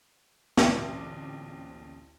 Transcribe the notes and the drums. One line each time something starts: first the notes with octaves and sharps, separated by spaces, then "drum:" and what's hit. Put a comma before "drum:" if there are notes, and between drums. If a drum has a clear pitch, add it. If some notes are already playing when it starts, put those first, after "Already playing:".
A1 D2 A#2 C4 D6, drum: snare